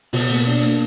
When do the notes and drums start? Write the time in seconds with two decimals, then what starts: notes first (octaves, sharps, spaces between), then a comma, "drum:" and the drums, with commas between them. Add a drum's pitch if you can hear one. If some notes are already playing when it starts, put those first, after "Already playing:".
0.13 B2, drum: open hi-hat
0.30 A#3
0.47 D4
0.63 A#3, drum: hi-hat